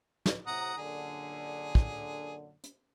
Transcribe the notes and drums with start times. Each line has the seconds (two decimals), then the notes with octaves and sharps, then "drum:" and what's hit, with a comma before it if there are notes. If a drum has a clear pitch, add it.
0.26 drum: snare
0.47 A2 C3 F#5 A#5 D#6
0.77 F#2 A#2 D3 G#4
1.75 drum: kick
2.64 drum: hi-hat